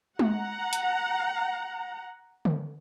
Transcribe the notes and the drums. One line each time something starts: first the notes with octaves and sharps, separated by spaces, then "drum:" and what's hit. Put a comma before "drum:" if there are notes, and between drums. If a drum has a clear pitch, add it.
F#5 A#5, drum: tom G#3
drum: hi-hat
drum: tom D3